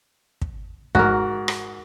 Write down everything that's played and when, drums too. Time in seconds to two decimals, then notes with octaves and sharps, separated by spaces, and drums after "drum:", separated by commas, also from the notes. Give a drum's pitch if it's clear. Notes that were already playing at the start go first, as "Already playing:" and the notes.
0.42 drum: kick
0.95 G#2 F#4 A#4, drum: kick
1.48 drum: rim click